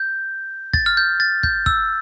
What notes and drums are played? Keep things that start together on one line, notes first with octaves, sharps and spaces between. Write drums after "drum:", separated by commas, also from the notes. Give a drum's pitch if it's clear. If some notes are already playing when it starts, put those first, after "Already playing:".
Already playing: G6
A6, drum: kick
F6
G6
A6
G6, drum: kick
E6, drum: kick